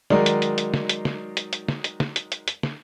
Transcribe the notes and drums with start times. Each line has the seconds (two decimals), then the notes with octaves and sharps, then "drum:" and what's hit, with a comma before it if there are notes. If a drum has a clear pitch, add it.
0.10 D#3 F#3 G#3 D#4 A#4 D5, drum: snare
0.26 drum: hi-hat
0.42 drum: hi-hat
0.58 drum: hi-hat
0.74 drum: snare
0.89 drum: hi-hat
1.05 drum: snare
1.37 drum: hi-hat
1.53 drum: hi-hat
1.68 drum: snare
1.84 drum: hi-hat
2.00 drum: snare
2.16 drum: hi-hat
2.32 drum: hi-hat
2.48 drum: hi-hat
2.63 drum: snare